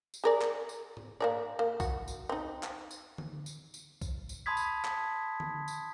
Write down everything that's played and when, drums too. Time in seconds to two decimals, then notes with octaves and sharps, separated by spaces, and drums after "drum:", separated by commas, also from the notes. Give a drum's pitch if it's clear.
0.14 drum: tambourine
0.24 G#4 A#4 D5
0.41 drum: clap
0.69 drum: tambourine
0.97 drum: tom G#2
1.20 A#3 A#4 D5
1.59 A#3
1.80 F#4, drum: kick B1, tambourine
2.08 drum: tambourine
2.29 C4 D#4
2.63 drum: clap
2.91 drum: tambourine
3.18 drum: tom D3
3.46 drum: tambourine
3.74 drum: tambourine
4.01 drum: kick B1, tambourine
4.29 drum: tambourine
4.46 A5 B5 C6 D#6 G#6 B6
4.57 drum: tambourine
4.85 drum: clap
5.40 drum: tom D3
5.68 drum: tambourine